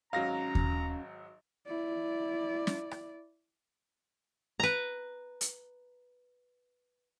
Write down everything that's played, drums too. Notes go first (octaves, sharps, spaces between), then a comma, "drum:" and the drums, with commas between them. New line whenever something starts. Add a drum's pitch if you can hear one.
G#1 F#3 C#4 F5 A#5 A#6
drum: kick D#2
E4 D5
drum: snare
drum: rim click
B4 A#5
drum: hi-hat